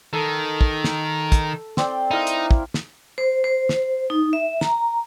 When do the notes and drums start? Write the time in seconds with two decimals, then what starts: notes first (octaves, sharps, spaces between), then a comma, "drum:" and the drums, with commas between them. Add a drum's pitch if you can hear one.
0.13 D#3 A4
0.61 drum: kick
0.84 drum: snare
1.32 drum: kick, hi-hat
1.77 C4 D5 G5, drum: snare
2.11 D#4 E4 A#4 F5
2.27 drum: hi-hat
2.51 drum: kick
2.74 drum: snare
3.18 C5
3.44 C5
3.69 drum: snare
4.10 D#4
4.33 E5
4.61 A#5, drum: snare